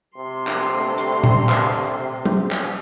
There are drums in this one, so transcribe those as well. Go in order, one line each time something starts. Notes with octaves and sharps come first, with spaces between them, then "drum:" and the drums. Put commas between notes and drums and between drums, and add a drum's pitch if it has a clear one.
C3 C6
drum: clap
G2 D3 A3
drum: hi-hat
drum: tom A#2
drum: clap
drum: tom
drum: clap